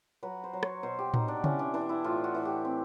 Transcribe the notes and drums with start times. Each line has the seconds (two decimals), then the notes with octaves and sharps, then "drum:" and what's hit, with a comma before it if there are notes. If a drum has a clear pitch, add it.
0.23 F#3 B4
0.44 C5
0.53 F#3
0.63 C#5, drum: rim click
0.83 B2 C5
0.99 G4
1.14 B2 D#4, drum: tom A2
1.28 D4
1.44 E3 C#4, drum: tom C#3
1.59 D4
1.74 E3 D4
1.89 E4
2.04 A2 F4
2.24 F#4
2.34 E3
2.45 G4
2.65 C4